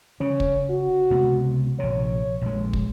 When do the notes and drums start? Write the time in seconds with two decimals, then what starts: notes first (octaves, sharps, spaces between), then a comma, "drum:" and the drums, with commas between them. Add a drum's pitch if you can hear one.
0.20 C#3 C#4
0.40 drum: kick
0.70 F#4
1.10 C#2 C3 B3
1.79 A#1 C3 C#5
2.42 A#1 G#3
2.73 drum: kick